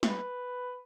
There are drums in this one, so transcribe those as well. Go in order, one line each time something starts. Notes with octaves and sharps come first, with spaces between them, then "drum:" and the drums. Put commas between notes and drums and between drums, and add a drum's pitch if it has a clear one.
B4, drum: snare